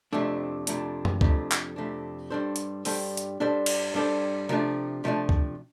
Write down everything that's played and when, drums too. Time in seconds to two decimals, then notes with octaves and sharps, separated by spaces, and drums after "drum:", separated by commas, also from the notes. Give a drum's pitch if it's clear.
0.13 F2 C3 A3 D4
0.67 F2 C3 A3 D4, drum: hi-hat
1.05 drum: tom F#2
1.21 F2 C3 A3 D4, drum: kick
1.52 drum: clap
1.76 F2 C3 A3 D4
2.30 G2 G3 D4 A4 C5
2.56 drum: hi-hat
2.85 G2 G3 D4 A4 C5, drum: open hi-hat
3.17 drum: hi-hat
3.40 G2 G3 D4 A4 C5
3.66 drum: cymbal
3.94 G2 G3 D4 A4 C5
4.49 C3 F3 A3 D4
5.04 C3 F3 A3 D4
5.29 drum: kick